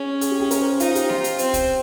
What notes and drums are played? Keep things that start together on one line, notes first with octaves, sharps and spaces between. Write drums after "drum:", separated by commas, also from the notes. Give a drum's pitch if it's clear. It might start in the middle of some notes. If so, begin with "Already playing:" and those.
Already playing: C#4 G#4
G#4, drum: hi-hat
G4
G#4
A#4, drum: hi-hat
C5
C5
D#4 F4, drum: hi-hat
G4, drum: hi-hat
F4, drum: snare B3
drum: hi-hat
C4 C5, drum: hi-hat
drum: kick C2, hi-hat